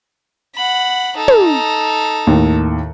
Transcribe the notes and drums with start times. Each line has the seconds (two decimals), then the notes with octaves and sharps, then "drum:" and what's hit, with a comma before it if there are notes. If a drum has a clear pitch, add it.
0.55 F#5 B5
1.16 D#4 A4
1.28 drum: tom
2.27 D#2 A2